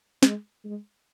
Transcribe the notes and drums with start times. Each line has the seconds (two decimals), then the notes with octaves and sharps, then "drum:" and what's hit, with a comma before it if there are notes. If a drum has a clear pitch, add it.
0.23 G#3, drum: snare
0.64 G#3